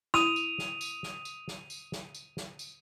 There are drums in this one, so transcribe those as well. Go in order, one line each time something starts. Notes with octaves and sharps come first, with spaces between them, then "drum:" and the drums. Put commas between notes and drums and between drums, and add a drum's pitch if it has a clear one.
E4 D#6 D#7 F7, drum: snare
drum: tambourine
drum: snare
drum: tambourine
drum: snare
drum: tambourine
drum: snare
drum: tambourine
drum: snare
drum: tambourine
drum: snare
drum: tambourine